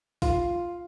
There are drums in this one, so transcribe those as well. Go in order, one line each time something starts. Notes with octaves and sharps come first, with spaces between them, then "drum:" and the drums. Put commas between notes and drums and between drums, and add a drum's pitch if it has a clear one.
F4, drum: kick, open hi-hat